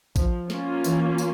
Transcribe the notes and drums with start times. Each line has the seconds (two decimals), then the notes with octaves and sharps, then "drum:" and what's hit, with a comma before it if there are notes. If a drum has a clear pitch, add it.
0.16 F3, drum: kick, tambourine
0.50 A#3 C#4 F4, drum: snare
0.84 E3, drum: tambourine
1.18 drum: tambourine